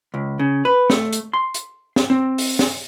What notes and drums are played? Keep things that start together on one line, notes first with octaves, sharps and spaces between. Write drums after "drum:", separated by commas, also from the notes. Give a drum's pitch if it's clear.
C#2
C#3
B4
A3, drum: snare
drum: hi-hat
C6
drum: hi-hat
drum: snare
C4
drum: open hi-hat
drum: snare